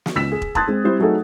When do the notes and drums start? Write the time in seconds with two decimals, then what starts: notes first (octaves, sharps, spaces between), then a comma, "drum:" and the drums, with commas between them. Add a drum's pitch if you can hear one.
0.06 drum: snare
0.15 C#2 E6 B6 E7
0.32 G#4
0.42 drum: kick
0.55 A5 C6 D#6 F#6 G#6 A6, drum: kick
0.68 G#3 C4
0.84 G3 C4 E4 C5
0.99 F#3 A3 D#4 G#4 A4